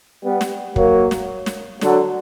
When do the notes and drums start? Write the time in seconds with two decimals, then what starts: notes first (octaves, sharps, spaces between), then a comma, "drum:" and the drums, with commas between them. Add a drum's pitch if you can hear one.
0.23 G3 B3
0.41 drum: snare
0.76 F#3 A#3, drum: kick
1.11 drum: snare
1.46 drum: snare
1.81 D3 F#3, drum: snare